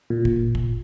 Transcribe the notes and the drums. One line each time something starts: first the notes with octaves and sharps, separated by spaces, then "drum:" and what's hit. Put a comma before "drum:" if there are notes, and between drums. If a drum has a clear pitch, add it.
A#2
drum: kick
drum: kick